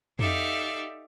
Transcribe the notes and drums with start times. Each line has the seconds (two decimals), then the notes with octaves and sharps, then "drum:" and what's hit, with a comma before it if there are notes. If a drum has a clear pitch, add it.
0.19 D#4 G4 A4 D5 E5 F5, drum: tom F2